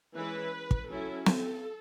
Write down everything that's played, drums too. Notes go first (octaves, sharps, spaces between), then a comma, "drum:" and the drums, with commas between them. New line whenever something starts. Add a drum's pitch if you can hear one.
E3 G#3 C#4 E4 B4
drum: kick
F#3 C#4 E4 A4
drum: snare